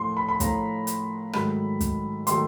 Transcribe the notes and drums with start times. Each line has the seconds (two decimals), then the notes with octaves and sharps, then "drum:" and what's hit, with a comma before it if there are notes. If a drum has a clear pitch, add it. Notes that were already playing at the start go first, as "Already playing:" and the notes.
Already playing: A2 F3 A3 C6
0.17 B5
0.29 B5
0.40 A2 F3 A3 A#5, drum: kick, hi-hat
0.87 drum: hi-hat
1.33 G#2 D#3 F#3 A3 B5, drum: rim click
1.81 drum: kick, hi-hat
2.27 D#3 F#3 A3 C6, drum: hi-hat